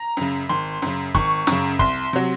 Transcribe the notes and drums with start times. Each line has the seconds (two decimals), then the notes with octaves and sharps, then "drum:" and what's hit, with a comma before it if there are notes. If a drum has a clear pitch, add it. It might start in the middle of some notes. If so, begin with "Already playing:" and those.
Already playing: A#5
0.17 F#2 C#3
0.49 G#1 C6
0.82 F#2 C#3
1.15 G#1 C#6, drum: kick
1.47 F#2 C#3, drum: snare
1.79 C2 C6, drum: kick
2.13 C3 F#3